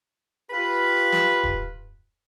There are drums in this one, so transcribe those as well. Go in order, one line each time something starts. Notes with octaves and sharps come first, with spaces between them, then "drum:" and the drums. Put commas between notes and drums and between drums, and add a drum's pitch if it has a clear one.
F4 G4 B4
drum: snare
drum: kick D#1